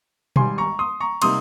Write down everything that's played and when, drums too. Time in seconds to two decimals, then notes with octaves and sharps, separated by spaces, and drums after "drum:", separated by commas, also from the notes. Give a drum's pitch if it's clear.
0.36 G#1 G#2 G3 G#5 C6, drum: tom B2
0.58 A#5 C#6
0.79 C6 D#6
1.00 A#5 C#6
1.22 C3 G3 A#3 D#4 C6 D#6, drum: cymbal